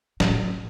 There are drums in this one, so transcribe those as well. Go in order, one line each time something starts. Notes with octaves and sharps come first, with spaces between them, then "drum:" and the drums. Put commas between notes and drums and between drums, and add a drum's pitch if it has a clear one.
A2, drum: snare